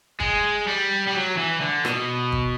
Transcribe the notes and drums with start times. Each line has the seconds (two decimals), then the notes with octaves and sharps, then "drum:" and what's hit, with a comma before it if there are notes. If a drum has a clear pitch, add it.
0.20 G#3, drum: kick
0.67 G3
1.07 G3
1.15 F#3
1.37 E3
1.61 D3
1.85 B2, drum: rim click
2.32 drum: kick